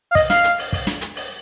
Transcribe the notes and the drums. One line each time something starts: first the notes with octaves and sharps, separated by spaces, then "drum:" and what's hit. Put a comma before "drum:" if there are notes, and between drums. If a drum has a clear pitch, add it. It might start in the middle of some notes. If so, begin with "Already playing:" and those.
F5
D#5, drum: kick, open hi-hat
F5, drum: snare
drum: hi-hat
drum: open hi-hat
drum: kick, open hi-hat
drum: snare
drum: hi-hat
drum: open hi-hat